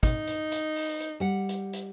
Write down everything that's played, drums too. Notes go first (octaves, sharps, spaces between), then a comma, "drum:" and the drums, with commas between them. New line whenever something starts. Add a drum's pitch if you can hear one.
D#4, drum: kick, hi-hat
drum: hi-hat
drum: hi-hat
drum: open hi-hat
drum: hi-hat
G3 F#5
drum: hi-hat
drum: hi-hat